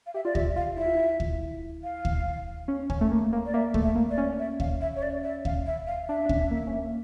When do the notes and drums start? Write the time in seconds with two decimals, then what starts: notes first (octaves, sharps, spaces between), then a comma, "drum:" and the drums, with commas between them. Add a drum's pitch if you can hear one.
0.06 F5
0.14 G4 E5
0.25 F4 D5
0.35 G4 E5, drum: kick
0.56 F4 F5
0.77 E4 E5
0.86 F4
0.95 E4
1.20 drum: kick
1.83 F5
2.05 drum: kick
2.68 C#4
2.90 C#4, drum: kick
3.01 A3
3.11 A#3
3.33 A#3
3.45 D5
3.54 A#3 E5
3.74 A3, drum: kick
3.82 E5
3.95 A#3
4.10 D5
4.18 C#4
4.39 E5
4.60 F5, drum: kick
4.81 E5
4.95 C#5
5.02 D5
5.24 E5
5.45 F5, drum: kick
5.66 E5
5.87 F5
6.08 D4 E5
6.26 D4
6.29 C#4, drum: kick
6.51 A#3
6.67 C#4
6.72 A#3